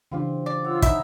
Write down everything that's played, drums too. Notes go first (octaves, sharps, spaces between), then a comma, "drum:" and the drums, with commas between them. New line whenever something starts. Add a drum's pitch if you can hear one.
C#3 E3 C4 D4 F4 G4
D5
F4 C#5 F#5 E6
D#4 E4 E5, drum: kick, hi-hat